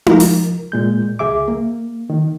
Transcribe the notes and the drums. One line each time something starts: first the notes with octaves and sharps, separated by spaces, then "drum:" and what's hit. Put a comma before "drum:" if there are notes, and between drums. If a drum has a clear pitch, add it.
F3 A#4, drum: tom D#4
drum: open hi-hat
A#2 G#3 G6
C#2 G#4 E5 D6
A#3
D#3